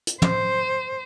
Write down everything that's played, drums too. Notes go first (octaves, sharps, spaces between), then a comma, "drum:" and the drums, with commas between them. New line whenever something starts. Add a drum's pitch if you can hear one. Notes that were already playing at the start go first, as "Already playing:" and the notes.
drum: hi-hat
C5, drum: tom